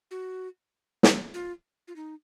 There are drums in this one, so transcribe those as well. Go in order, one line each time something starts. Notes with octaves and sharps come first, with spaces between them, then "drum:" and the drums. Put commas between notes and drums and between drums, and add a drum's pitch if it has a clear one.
F#4
drum: snare
F4
F4
D#4